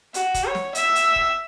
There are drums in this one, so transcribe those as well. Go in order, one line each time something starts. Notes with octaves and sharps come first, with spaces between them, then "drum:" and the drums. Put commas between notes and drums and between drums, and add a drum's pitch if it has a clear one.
F#4, drum: hi-hat
drum: kick, hi-hat
C#5
drum: snare
E5, drum: hi-hat
drum: hi-hat
drum: kick